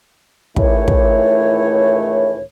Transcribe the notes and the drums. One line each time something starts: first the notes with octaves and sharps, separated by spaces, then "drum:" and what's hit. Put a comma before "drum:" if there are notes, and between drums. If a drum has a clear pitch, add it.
C#2 A2 D#3 E3 A3 C#5, drum: kick
drum: kick